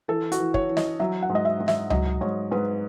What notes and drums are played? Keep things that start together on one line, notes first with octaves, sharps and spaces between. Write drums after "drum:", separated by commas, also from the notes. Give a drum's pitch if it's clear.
E3 A4
F#4, drum: hi-hat
E3
C#5, drum: kick
E3
D#5, drum: snare
F#3 E5
F#5
G#2
D#5
E5
G#2
E5, drum: snare
F#3 D#5, drum: tom C#2
G#2 C#5
G#2 B4